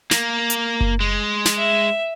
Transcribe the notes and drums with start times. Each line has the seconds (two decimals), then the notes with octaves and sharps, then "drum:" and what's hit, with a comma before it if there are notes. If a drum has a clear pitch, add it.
0.11 A#3, drum: snare
0.50 drum: hi-hat
0.81 drum: kick F#1
1.00 G#3
1.45 drum: snare
1.57 E5